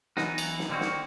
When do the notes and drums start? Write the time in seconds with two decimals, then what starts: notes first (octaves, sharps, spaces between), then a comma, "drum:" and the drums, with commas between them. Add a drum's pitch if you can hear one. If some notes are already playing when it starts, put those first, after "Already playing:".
0.17 E3 F#3 B3 D#4 F#4, drum: snare
0.38 drum: cymbal
0.59 drum: snare
0.69 D3 D#3 A#3 C4 F#4
0.81 drum: snare